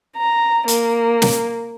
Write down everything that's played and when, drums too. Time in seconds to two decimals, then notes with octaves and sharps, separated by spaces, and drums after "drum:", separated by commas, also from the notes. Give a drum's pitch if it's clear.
0.17 A#5
0.68 A#3, drum: hi-hat
1.22 drum: snare